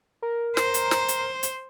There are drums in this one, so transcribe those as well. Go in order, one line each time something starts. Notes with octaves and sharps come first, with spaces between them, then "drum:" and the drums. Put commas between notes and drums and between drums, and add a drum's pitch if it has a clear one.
A#4
C5, drum: snare
drum: hi-hat
drum: snare
drum: hi-hat
drum: hi-hat